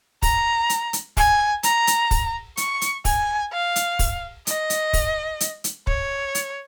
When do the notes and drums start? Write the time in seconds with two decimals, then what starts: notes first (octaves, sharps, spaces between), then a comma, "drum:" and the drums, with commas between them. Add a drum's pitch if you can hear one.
0.22 A#5, drum: kick, open hi-hat
0.70 drum: hi-hat
0.93 drum: hi-hat
1.17 G#5, drum: kick, open hi-hat
1.63 A#5, drum: hi-hat
1.87 drum: hi-hat
2.11 drum: kick, open hi-hat
2.57 C#6, drum: hi-hat
2.81 drum: hi-hat
3.05 G#5, drum: kick, open hi-hat
3.52 F5
3.76 drum: hi-hat
3.99 drum: kick, open hi-hat
4.47 D#5, drum: hi-hat
4.70 drum: hi-hat
4.93 drum: kick, open hi-hat
5.40 drum: hi-hat
5.64 drum: hi-hat
5.87 C#5, drum: kick
6.35 drum: hi-hat